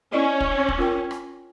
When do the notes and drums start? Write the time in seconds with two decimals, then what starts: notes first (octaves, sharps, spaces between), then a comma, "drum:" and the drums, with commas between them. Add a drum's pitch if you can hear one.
0.12 C#4 E4 D5 D#5
0.41 drum: kick
0.69 drum: kick
0.78 F4 A#4 G5
1.11 drum: rim click